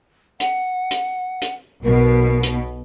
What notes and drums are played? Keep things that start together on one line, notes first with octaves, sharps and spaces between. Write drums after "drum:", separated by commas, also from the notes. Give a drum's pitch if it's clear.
F#5, drum: hi-hat
drum: hi-hat
drum: hi-hat
B1 B2 A#4
drum: hi-hat